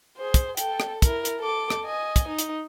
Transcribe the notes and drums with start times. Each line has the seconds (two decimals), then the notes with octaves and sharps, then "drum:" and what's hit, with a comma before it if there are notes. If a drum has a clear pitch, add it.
0.17 G#4 C5
0.34 drum: kick, hi-hat
0.57 A4 G5, drum: hi-hat
0.80 drum: rim click
1.02 E4 A#4, drum: kick, hi-hat
1.25 drum: hi-hat
1.40 A4 D6
1.70 drum: rim click
1.85 D#5 G#5
2.16 drum: kick, hi-hat
2.28 D#4
2.39 drum: hi-hat